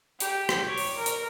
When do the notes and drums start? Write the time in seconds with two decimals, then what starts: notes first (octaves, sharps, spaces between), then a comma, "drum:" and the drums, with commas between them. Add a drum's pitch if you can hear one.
0.20 G4, drum: hi-hat
0.49 drum: rim click
0.64 C#5 D6
0.78 drum: open hi-hat
0.97 A#4
1.06 drum: hi-hat